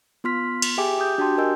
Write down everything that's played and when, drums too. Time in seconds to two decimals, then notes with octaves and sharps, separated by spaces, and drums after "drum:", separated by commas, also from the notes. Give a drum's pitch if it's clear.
0.24 B3 F4 C6 F6 B6
0.62 drum: cymbal
0.78 G4 G#4 E5 G5 G#5 D6
0.98 G4 D6 D#6 G6
1.18 D4 F#4 G4 G5 A5 C6
1.38 A#4 D#5 G#5 E6 G6